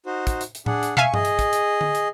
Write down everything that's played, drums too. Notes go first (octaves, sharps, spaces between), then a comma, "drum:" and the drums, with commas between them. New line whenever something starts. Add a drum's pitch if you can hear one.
D#4 F#4 C5
drum: kick, hi-hat
drum: hi-hat
drum: hi-hat
D4 G#4 F#5, drum: tom A2
drum: hi-hat
E5 F5 G#5 C#6, drum: tom
G#4 D#5, drum: tom G2
drum: hi-hat
drum: kick, hi-hat
drum: hi-hat
drum: tom D3
drum: hi-hat